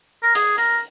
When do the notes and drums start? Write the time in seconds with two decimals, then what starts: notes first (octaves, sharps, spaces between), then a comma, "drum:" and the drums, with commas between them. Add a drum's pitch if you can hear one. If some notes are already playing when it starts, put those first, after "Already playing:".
0.23 A#4
0.35 G#4, drum: hi-hat
0.58 A#4, drum: hi-hat